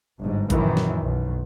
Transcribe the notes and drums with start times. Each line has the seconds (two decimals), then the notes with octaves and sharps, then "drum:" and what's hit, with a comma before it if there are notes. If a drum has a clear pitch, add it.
0.18 G1 G#2
0.50 A#1 F#2 D#3 E3, drum: kick G#1, hi-hat
0.77 drum: snare
1.01 B1